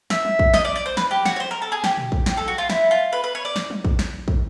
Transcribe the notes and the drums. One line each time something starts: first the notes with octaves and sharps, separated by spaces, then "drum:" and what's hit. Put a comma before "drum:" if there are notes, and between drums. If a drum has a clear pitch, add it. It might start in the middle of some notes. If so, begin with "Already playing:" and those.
E5, drum: snare
drum: tom
drum: kick
D#5, drum: snare
D5
D5
C5
B4, drum: snare
G4
F#4, drum: snare
C#5
C5
A#4
A4
G#4
G4, drum: snare
drum: tom
drum: kick
drum: snare
A4
F#4
F4
E4, drum: snare
F4
B4
B4
C#5
D5
drum: snare
drum: tom
drum: kick
drum: snare
drum: kick